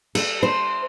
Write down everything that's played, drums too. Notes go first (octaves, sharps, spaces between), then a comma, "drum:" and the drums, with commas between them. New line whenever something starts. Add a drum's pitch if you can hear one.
A4, drum: cymbal
C5